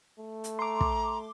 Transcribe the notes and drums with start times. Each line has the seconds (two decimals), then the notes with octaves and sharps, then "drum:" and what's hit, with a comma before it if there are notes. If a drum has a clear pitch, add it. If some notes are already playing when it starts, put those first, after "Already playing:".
0.19 A3
0.44 drum: hi-hat
0.59 A#5 C6 D6
0.81 drum: kick